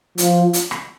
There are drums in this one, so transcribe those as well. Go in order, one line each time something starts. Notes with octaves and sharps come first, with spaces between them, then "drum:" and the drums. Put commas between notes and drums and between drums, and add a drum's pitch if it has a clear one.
F3, drum: hi-hat
drum: hi-hat
drum: rim click